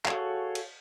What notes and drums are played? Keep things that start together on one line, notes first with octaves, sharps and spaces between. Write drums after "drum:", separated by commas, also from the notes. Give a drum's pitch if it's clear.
F#4 G#4 A4 C#5 F5, drum: clap
drum: cymbal